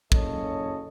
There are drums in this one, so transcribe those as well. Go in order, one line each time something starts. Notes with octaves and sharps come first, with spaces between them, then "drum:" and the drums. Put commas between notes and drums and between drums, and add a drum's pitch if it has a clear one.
F#1 F#2 C#3 A4 C#5 D#5, drum: kick